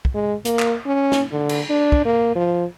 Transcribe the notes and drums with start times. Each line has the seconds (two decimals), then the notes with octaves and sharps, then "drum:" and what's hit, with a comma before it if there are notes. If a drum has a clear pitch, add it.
0.05 drum: kick
0.14 G#3
0.45 A#3, drum: hi-hat
0.59 drum: clap
0.86 C#4
1.12 drum: snare
1.32 D3
1.49 drum: cymbal
1.70 D4
1.92 drum: kick
2.05 A#3
2.35 F3